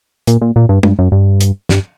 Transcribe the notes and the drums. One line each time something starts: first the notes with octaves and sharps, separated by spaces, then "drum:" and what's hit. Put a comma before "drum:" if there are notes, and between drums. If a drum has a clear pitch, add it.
A#2, drum: hi-hat
A#2
A#2
G2
G2, drum: tom
F#2
G2
drum: hi-hat
G2, drum: snare